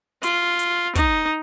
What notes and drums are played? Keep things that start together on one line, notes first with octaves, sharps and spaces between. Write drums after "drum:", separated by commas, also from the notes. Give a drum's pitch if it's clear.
F4, drum: hi-hat
drum: hi-hat
D#4, drum: kick, hi-hat